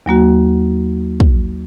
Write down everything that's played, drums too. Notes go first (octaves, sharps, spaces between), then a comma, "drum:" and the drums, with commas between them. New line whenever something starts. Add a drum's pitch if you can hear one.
D#2 F#3 A#3 F#4
drum: kick